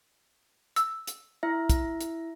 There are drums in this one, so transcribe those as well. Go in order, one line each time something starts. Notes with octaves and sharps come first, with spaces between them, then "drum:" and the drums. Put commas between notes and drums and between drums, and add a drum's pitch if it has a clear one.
E6, drum: hi-hat
drum: hi-hat
E4 E5
drum: kick, hi-hat
drum: hi-hat